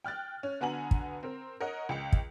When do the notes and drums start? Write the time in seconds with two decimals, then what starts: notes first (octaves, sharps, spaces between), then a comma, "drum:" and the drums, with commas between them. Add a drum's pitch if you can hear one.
0.04 G5 F6 F#6 A6
0.43 C#4
0.61 D3 B3 F#4 G#5 A#5 F#7
0.91 drum: kick
1.23 C4 A#4
1.61 A#4 C#5 D#5 F#5
1.89 C#2 G5 C#7
2.12 drum: kick